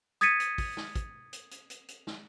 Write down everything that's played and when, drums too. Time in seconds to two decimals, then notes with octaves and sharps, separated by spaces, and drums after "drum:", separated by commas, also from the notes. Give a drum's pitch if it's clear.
0.21 D#6 G#6 A6 B6 C#7 D#7, drum: hi-hat
0.40 drum: hi-hat
0.58 drum: kick, open hi-hat
0.77 drum: snare
0.95 drum: kick, hi-hat
1.33 drum: hi-hat
1.51 drum: hi-hat
1.70 drum: hi-hat
1.88 drum: hi-hat
2.07 drum: snare